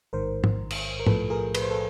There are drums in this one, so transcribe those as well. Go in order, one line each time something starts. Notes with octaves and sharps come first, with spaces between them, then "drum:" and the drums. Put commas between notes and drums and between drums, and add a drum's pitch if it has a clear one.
A1 G#2 D#3 A#4 C5
drum: tom
drum: cymbal
A#4
B1 A2 F3 A4 B4, drum: tom
G#4 A#4
B4, drum: cymbal
C5
A4 B4